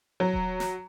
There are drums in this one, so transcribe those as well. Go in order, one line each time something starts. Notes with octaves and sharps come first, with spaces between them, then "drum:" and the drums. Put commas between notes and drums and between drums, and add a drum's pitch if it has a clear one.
F#3
drum: kick D#1
drum: snare